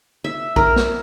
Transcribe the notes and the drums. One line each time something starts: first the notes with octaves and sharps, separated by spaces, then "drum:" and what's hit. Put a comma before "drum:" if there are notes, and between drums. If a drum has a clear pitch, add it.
E5
A#4, drum: kick A#1
drum: snare